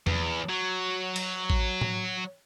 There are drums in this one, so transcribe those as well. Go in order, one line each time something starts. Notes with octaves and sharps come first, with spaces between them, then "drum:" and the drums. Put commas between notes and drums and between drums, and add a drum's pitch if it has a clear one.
E2, drum: tom E2
F#3
drum: cymbal
drum: kick A1
drum: tom A2